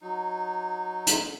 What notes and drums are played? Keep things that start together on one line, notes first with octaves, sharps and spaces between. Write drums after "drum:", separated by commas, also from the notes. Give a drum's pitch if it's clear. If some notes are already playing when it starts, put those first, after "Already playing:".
F#3 D#4
drum: hi-hat